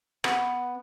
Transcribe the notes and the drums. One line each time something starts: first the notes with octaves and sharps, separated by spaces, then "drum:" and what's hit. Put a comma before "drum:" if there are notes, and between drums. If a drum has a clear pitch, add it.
B3, drum: rim click